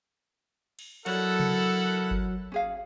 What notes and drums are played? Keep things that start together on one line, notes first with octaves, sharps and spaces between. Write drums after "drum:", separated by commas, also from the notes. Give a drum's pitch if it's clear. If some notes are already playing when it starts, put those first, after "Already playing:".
drum: cymbal
F#3 E4 F#4 A4 A#4 C#5 D5 F#5, drum: cymbal
drum: tom C3
drum: kick G1
C#4 G#4 F5